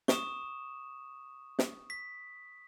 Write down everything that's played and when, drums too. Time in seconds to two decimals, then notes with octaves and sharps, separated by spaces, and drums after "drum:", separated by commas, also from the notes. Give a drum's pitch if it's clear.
0.08 C#6 D#6 E7, drum: snare
1.59 drum: snare
1.90 B6